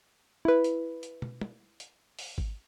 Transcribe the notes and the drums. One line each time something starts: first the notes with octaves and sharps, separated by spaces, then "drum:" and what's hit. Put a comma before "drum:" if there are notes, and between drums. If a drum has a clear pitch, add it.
E4 B4
drum: hi-hat
drum: hi-hat
drum: tom
drum: tom
drum: hi-hat
drum: open hi-hat
drum: kick G#1